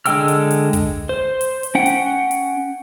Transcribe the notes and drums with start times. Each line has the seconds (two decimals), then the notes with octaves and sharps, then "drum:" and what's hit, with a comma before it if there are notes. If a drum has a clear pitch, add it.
0.06 D3 G#3 G5 E6 F6, drum: hi-hat
0.28 drum: hi-hat
0.51 drum: hi-hat
0.73 drum: kick, hi-hat
1.09 C5
1.41 drum: hi-hat
1.63 drum: hi-hat
1.75 C#4 F#5 G5
1.86 drum: hi-hat
2.31 drum: hi-hat